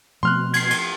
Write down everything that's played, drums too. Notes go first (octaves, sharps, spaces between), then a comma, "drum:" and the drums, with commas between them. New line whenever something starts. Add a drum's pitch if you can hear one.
B2 F3 A3 C4 C6 F6 F#6
G#6 C7, drum: cymbal
drum: cymbal